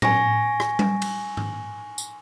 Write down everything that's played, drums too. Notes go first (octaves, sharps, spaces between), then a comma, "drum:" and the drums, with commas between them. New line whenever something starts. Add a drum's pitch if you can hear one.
G#5 C#6 A#6, drum: tom A2
drum: rim click
drum: tom G3
drum: cymbal
drum: tom G#2
drum: tambourine